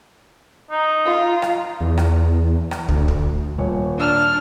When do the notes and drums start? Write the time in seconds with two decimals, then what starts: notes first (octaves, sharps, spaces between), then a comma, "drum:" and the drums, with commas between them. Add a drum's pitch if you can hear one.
0.71 D#4
1.05 F4
1.42 drum: rim click
1.81 E2
1.98 drum: rim click
2.71 drum: rim click
2.88 D2, drum: kick
3.08 drum: kick
3.58 D#1 C#5
3.97 D4 F6